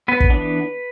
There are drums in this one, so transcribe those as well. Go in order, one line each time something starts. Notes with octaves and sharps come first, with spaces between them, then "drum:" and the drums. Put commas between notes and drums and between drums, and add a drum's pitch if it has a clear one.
B3 B4
drum: kick
E3 B3 D4